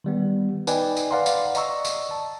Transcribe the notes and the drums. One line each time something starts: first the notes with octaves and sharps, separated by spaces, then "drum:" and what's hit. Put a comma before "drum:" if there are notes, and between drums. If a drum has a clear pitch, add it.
D#3 G3 B3
D#4 B4 D5 D#5 G5 G#5, drum: tambourine
drum: tambourine
B4 D5 F5 F#5 A#5 C6
drum: tambourine
D5 D#5 A#5 C#6 E6, drum: tambourine
drum: tambourine
A5